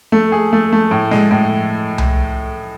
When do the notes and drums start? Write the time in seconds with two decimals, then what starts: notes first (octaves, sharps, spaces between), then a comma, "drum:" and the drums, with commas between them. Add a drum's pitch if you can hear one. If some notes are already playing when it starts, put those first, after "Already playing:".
0.12 A3
0.32 G#4
0.53 A3
0.72 A3
0.91 A2
1.11 G#3, drum: snare
1.31 A2
1.98 drum: tom C2